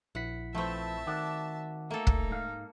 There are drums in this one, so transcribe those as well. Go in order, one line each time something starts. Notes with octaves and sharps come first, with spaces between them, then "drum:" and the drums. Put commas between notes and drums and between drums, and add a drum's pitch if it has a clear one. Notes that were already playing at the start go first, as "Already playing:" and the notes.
A#1 E4 F#5 B6
F3 A3 C4 B4 C#5 E5 A5
D#3 F#4 D5
A3 A#3 D#4 A4
drum: kick
G#2 F5